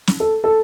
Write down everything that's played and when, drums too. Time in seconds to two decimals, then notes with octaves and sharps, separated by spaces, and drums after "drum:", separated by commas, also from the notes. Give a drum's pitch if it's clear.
0.07 drum: snare
0.20 A4
0.44 A4